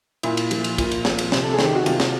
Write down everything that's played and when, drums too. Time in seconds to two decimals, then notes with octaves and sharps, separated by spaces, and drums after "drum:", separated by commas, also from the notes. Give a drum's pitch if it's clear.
0.23 A#2 E4, drum: cymbal
0.37 drum: cymbal
0.51 F3, drum: cymbal
0.64 drum: cymbal
0.78 A#2, drum: kick, cymbal
0.91 drum: cymbal
1.05 F3, drum: snare
1.19 drum: cymbal
1.32 C3, drum: snare
1.43 A4
1.53 G#4
1.59 D#3, drum: snare
1.65 G4
1.75 F#4
1.86 C3 F4, drum: cymbal
2.00 drum: snare